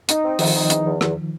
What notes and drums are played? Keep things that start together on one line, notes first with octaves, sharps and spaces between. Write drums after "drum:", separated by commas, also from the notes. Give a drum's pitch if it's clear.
D#4, drum: hi-hat
C4
D#3 F3 C4, drum: open hi-hat
D#4
E2, drum: hi-hat
E2
E2, drum: rim click